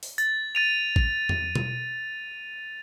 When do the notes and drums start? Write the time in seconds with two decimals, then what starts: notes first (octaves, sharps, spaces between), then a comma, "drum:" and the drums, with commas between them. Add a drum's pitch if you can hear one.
0.03 drum: open hi-hat
0.18 A6, drum: tambourine
0.55 A6 D#7 F7
0.96 drum: kick A1
1.29 drum: tom E2
1.55 drum: tom B2